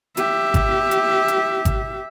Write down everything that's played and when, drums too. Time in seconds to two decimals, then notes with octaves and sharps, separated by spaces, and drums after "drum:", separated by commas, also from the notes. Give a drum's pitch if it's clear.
0.17 G4 E5, drum: hi-hat
0.54 drum: kick G#1, hi-hat
0.91 drum: hi-hat
1.28 drum: hi-hat
1.65 drum: kick G#1, hi-hat